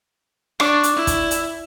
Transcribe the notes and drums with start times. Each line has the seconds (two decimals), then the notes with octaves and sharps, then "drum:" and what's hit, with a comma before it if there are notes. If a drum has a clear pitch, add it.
0.60 D4 D5 C#6 D6, drum: rim click
0.83 drum: hi-hat
0.96 E4
1.07 drum: kick, hi-hat
1.31 drum: hi-hat